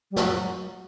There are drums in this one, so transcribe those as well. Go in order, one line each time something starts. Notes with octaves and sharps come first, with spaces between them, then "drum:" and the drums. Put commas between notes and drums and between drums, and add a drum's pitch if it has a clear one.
G3
F#3, drum: snare